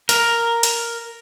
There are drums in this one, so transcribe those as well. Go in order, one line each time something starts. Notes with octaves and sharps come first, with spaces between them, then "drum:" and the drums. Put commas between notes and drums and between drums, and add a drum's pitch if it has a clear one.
A#4, drum: hi-hat
drum: hi-hat